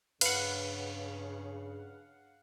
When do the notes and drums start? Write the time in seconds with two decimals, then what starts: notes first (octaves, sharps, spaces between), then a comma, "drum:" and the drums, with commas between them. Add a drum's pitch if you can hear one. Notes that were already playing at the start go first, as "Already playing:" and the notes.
0.21 G2 C#3 B4 F5 F#5, drum: cymbal